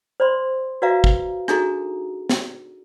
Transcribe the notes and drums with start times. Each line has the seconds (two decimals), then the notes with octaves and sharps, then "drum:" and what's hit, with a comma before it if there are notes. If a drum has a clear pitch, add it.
0.20 C5 D5 B5 C6
0.82 F#4 B4 D5 E5 F5 A#5
1.04 drum: kick
1.48 D4 D#4 F#4 G#4 A4 A#5, drum: rim click
2.29 drum: snare